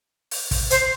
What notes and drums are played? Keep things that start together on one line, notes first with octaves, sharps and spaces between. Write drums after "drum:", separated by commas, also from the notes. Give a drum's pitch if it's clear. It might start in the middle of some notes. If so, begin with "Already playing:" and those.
drum: open hi-hat
drum: kick, open hi-hat
C5, drum: hi-hat